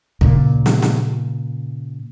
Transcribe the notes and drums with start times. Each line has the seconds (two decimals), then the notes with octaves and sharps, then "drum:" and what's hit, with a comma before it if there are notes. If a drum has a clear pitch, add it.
0.21 A#2 C#3, drum: kick
0.66 drum: snare
0.82 drum: snare